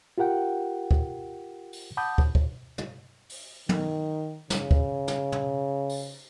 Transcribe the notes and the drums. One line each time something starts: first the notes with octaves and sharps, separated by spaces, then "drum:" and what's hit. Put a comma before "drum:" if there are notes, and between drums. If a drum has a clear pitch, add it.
F4 G4 A#4 F#5 G5
drum: kick
drum: open hi-hat
F#5 A5 B5 D6 D#6 G6
drum: kick
drum: kick
drum: tom
drum: open hi-hat
D#3, drum: tom
C#3, drum: snare
drum: kick
drum: snare
drum: tom
drum: open hi-hat